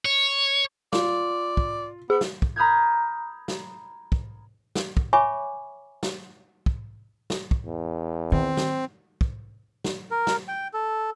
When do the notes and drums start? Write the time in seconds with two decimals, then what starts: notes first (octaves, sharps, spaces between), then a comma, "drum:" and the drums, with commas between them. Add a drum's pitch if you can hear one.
0.05 C#5
0.93 F4 D5, drum: snare
1.57 drum: kick
2.10 B3 G#4
2.21 drum: snare
2.42 drum: kick
2.56 A#5 B5 D#6 F6 G6 G#6
3.48 drum: snare
4.12 drum: kick
4.75 drum: snare
4.97 drum: kick
5.13 C#5 E5 G#5 B5 C#6 D6
6.03 drum: snare
6.66 drum: kick
7.30 drum: snare
7.51 drum: kick
7.65 E2
8.32 D#3 C4
8.57 drum: snare
9.21 drum: kick
9.84 drum: snare
10.11 A#4
10.27 drum: snare
10.48 G5
10.74 A4